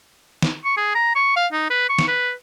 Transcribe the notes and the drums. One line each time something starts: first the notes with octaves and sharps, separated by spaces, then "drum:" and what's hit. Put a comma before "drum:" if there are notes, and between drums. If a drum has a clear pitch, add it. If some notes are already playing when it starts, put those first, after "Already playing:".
drum: snare
C#6
G#4
A#5
C#6
F5
D#4
B4
C#6
drum: snare
B4